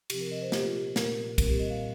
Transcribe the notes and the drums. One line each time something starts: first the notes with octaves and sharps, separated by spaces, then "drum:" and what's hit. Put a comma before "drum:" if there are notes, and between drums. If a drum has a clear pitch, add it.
C3 F3 C4 G4, drum: cymbal
A#4
D#5
C5
A#2 A#3 G4, drum: snare
F4
G4
A#2 A#3 A#4, drum: snare
A#2 G3 C4 A#4, drum: kick, cymbal
G4
D#5
F5